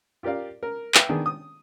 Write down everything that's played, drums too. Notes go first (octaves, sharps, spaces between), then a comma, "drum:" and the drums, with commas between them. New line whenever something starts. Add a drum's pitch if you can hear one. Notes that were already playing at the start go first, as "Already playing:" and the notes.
F4 G4 A#4 D5 F5
A#4
B4 E5 G5, drum: clap
D#3 B3 D4 G#4
D#6